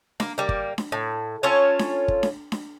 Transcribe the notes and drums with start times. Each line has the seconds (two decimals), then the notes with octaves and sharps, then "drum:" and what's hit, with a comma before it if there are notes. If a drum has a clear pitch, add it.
0.20 A#3, drum: snare D4
0.38 G3 A#3
0.49 drum: kick G1
0.78 drum: snare D4
0.92 A2
1.43 C#4 F4 A4 C#5
1.79 drum: snare D4
2.08 drum: kick G1
2.23 drum: snare D4
2.52 drum: snare D4